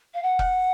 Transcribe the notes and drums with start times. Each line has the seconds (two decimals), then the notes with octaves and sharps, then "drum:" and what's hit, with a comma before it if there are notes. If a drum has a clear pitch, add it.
0.14 F5
0.22 F#5
0.39 drum: kick F1